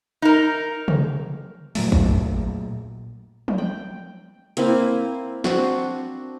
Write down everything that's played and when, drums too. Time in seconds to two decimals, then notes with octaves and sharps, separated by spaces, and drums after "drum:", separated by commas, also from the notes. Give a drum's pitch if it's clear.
0.22 D#4 A#4
0.88 drum: tom
1.75 A#2 F#3 A3, drum: open hi-hat
1.92 drum: kick
2.06 drum: tom
3.48 drum: tom
3.58 G5
4.57 A#3 C4 E4 G#5, drum: hi-hat
5.44 C4 D4 F#4, drum: snare